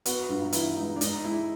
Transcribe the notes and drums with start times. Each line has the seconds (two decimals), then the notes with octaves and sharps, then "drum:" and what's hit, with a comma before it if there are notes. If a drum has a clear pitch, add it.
0.05 B3 F#4, drum: hi-hat
0.29 G2 F4
0.42 D#4
0.52 E3 E4, drum: hi-hat
0.77 G#3 D#4
0.96 D4
1.01 G#3 D#4, drum: hi-hat
1.24 G#3 E4